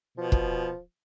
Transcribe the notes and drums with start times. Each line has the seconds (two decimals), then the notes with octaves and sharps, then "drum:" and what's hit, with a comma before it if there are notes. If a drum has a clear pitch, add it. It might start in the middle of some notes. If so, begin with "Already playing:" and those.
0.18 B2 F3
0.32 drum: kick